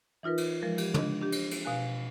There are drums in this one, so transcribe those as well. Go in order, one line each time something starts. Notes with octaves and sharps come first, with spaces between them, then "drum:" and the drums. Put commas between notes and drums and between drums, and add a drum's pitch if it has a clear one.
E3 D#4 F4 A#4 B4
drum: cymbal
F3 G#3 A#4
G4, drum: cymbal
D4 D#5, drum: tom
D4 G4
drum: cymbal
drum: cymbal
B2 F5 G#5 F#6